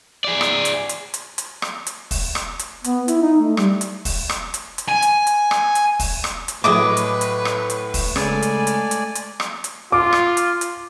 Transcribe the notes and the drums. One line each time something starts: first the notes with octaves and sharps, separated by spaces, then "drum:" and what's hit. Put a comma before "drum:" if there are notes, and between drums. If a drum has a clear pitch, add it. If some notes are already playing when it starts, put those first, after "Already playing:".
G#4 D5
drum: rim click
drum: hi-hat
drum: hi-hat
drum: hi-hat
drum: hi-hat
drum: rim click
drum: hi-hat
drum: kick, open hi-hat
drum: rim click
drum: hi-hat
B3, drum: hi-hat
E4, drum: hi-hat
D#4
A3
G3, drum: rim click
drum: hi-hat
drum: kick, open hi-hat
drum: rim click
drum: hi-hat
drum: hi-hat
G#5
drum: hi-hat
drum: hi-hat
drum: rim click
drum: hi-hat
drum: kick, open hi-hat
drum: rim click
drum: hi-hat
A2 F#3 G#4 B4 D#5 D6
drum: hi-hat
drum: hi-hat
drum: rim click
drum: hi-hat
drum: kick, open hi-hat
C#3 G#3 A3 A4 D5 G#5, drum: rim click
drum: hi-hat
drum: hi-hat
drum: hi-hat
drum: hi-hat
drum: rim click
drum: hi-hat
F4 D6
drum: rim click
drum: hi-hat
drum: hi-hat